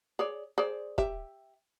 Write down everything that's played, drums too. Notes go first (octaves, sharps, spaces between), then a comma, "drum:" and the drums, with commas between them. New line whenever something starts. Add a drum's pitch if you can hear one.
G#4 C#5 D5
G#4 C5 D5
G4 E5, drum: kick